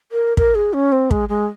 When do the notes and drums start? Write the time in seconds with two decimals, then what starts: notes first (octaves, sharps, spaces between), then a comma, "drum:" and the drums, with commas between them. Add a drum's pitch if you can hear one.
0.12 A#4
0.37 A#4, drum: kick
0.55 G#4
0.73 C#4
0.92 C4
1.11 G#3, drum: kick
1.29 G#3